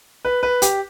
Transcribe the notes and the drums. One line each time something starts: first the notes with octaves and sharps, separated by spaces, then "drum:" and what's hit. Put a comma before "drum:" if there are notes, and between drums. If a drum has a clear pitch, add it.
B4
B4
G4, drum: hi-hat